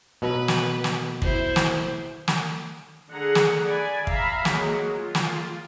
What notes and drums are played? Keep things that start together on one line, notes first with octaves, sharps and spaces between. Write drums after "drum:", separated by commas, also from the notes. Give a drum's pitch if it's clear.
B2 F#3 B4 A#5
drum: snare
drum: snare
E4 C5, drum: kick
drum: snare
drum: snare
D3 G#4 F#5 A#5
drum: snare
D5 G#5 B5
E5 F5 A#5 B5, drum: kick
F#3 G#3 A#3, drum: snare
F4
drum: snare